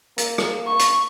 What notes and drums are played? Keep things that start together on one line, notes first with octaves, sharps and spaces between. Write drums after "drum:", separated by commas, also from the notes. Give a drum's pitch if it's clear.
A#3, drum: hi-hat
drum: rim click
C#6
drum: hi-hat